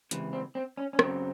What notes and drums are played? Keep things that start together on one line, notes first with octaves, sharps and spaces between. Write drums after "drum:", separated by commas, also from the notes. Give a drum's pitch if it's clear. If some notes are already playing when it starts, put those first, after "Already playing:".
C#2 C3 E3, drum: hi-hat
C4
C4
C#4
C#4
F#2 C#3 F#3 C4, drum: rim click